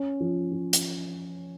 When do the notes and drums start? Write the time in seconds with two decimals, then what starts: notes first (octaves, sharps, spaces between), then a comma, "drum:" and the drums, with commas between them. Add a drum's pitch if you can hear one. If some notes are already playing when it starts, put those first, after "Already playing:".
Already playing: C#4
0.20 F3
0.51 F3
0.73 drum: hi-hat